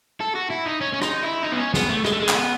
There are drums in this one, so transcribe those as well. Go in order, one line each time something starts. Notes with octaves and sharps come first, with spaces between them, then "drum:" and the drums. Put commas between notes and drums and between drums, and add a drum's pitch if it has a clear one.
A4
F#4
E4
D#4
C#4
C#4
D#4, drum: rim click
E4
D#4
B3
C#4
B3, drum: snare
A3
G#3, drum: rim click
A3
G#3
C#4, drum: clap
B3